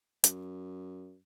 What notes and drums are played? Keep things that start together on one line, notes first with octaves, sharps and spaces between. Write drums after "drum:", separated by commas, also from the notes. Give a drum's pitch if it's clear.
F#2, drum: hi-hat